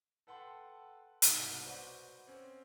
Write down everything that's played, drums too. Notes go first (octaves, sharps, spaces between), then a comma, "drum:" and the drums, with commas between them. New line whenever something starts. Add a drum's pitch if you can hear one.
A4 B4 F#5 G5 A5 C6
C2 G#2 B2, drum: hi-hat
F#4 B4 C5 D5
C4 C#4